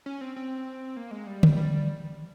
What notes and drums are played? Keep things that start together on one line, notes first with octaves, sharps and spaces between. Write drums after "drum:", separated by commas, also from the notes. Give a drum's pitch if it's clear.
C#4
C4
C4
A#3
G#3
G3
drum: tom
G3